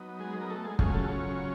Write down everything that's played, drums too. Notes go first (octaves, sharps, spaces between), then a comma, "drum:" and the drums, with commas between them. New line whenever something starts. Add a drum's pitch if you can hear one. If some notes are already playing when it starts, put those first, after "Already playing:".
Already playing: F#3 B3 D#4
G#3 G#4
A#4
A3 A4
G#3 G#4
C#3 F#3 G#3 A3 C#4 F4 G#4, drum: kick
A3 A4
C#4 C#5